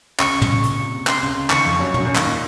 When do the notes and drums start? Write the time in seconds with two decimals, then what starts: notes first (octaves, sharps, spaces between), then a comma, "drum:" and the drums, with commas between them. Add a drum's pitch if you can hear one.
0.20 C#2 C#3 C#6, drum: clap
0.42 drum: tom
0.63 A#2, drum: hi-hat
0.78 C3
0.92 C3
1.07 C#3 C6, drum: clap
1.14 C3
1.22 C#2 C#3
1.50 D#2 D#3 C#6, drum: clap
1.65 F2 F3
1.80 F#2 F#3
1.94 F#2 F#3 C#6, drum: tom
2.05 F#2 F#3
2.15 D#2 D#3, drum: clap
2.26 A#2